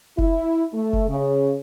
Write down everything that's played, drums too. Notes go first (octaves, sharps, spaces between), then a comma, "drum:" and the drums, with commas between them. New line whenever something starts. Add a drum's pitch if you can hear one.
E4, drum: kick F1
A3
drum: kick F1
C#3